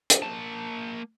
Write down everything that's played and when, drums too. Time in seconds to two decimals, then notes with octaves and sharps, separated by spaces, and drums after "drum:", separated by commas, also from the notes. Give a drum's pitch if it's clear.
0.10 drum: hi-hat
0.22 A#3 A5